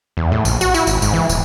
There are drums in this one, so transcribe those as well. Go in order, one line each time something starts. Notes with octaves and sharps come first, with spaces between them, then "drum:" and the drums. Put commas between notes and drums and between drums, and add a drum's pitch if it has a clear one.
E2
A2
A#1, drum: tambourine
F#4, drum: tambourine
E4, drum: tambourine
G#1, drum: tambourine
G#2, drum: tambourine
E3
D#1, drum: tambourine